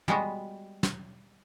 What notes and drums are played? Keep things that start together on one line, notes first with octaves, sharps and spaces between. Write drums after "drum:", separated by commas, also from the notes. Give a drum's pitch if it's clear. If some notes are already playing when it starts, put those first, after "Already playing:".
G3 G#3 B3 F#4, drum: tom
drum: snare